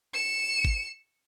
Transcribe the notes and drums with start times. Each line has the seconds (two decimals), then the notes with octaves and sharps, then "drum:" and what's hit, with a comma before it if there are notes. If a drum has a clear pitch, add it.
0.14 C#7 E7
0.65 drum: kick G1